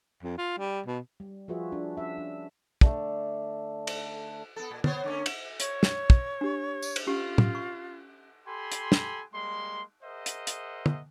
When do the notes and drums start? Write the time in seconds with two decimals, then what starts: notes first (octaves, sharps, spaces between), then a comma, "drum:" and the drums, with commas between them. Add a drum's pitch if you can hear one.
0.23 F2
0.38 F4
0.58 G3
0.86 B2
1.20 G3
1.48 F3 F4 F#4 G#4 B4 E5
1.72 D4
1.96 C#4 E5
2.18 D4
2.81 D3 A3, drum: kick
3.87 drum: cymbal
4.56 B3 A4
4.71 A#2
4.84 B3 C5 C#5, drum: tom
5.04 D3 A#3 C#4
5.26 drum: cymbal
5.60 C#5, drum: hi-hat
5.83 drum: snare
6.10 drum: kick
6.41 D4 G4
6.82 drum: tambourine
6.96 drum: cymbal
7.07 C#4 F4 G4
7.38 drum: tom
7.55 C#6
8.47 G4 A4 G#5 B5 C6
8.72 drum: hi-hat
8.92 drum: snare
9.34 G3 G#3 A#3 C6
10.04 G#4 A#4 C5 D#5 E5 F#5
10.26 drum: hi-hat
10.47 drum: hi-hat
10.86 drum: tom